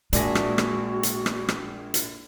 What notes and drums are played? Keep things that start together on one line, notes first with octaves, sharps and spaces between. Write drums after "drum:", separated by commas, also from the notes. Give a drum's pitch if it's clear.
A#1 A#2 G#3 D4 F#4 G#4 E5 A#6, drum: hi-hat
drum: rim click
drum: rim click
drum: hi-hat
drum: rim click
drum: rim click
drum: hi-hat